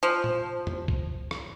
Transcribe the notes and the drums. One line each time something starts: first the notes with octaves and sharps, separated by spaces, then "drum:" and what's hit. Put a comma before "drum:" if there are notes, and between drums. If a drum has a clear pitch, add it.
F3
drum: tom
drum: tom
drum: kick
drum: rim click